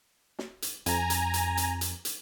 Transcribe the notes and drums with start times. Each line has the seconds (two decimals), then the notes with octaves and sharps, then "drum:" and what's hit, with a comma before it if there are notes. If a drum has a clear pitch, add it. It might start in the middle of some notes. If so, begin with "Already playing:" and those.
0.39 drum: snare
0.62 drum: hi-hat
0.86 F2 G#5 A#5, drum: hi-hat
1.10 drum: hi-hat
1.34 drum: hi-hat
1.57 drum: hi-hat
1.81 drum: hi-hat
2.05 drum: hi-hat